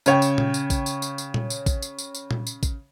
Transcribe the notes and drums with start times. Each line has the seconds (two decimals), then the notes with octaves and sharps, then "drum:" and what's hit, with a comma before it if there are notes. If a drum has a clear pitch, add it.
0.06 C#3 C#5 G5, drum: tambourine
0.22 drum: tambourine
0.38 drum: tom A#2
0.54 drum: tambourine
0.70 drum: kick A1, tambourine
0.86 drum: tambourine
1.02 drum: tambourine
1.18 drum: tambourine
1.34 drum: tom A#2
1.50 drum: tambourine
1.66 drum: kick A1, tambourine
1.82 drum: tambourine
1.98 drum: tambourine
2.15 drum: tambourine
2.31 drum: tom A#2
2.47 drum: tambourine
2.63 drum: kick A1, tambourine